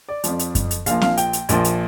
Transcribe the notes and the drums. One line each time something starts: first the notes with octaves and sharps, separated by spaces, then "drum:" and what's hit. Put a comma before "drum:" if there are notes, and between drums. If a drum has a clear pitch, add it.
D5
F2 F3, drum: hi-hat
drum: hi-hat
drum: kick F#2, hi-hat
drum: hi-hat
A#1 A#2 F3 F5, drum: hi-hat
F5, drum: snare C4
G5, drum: hi-hat
drum: hi-hat
A#1 A#2 F3, drum: hi-hat
drum: hi-hat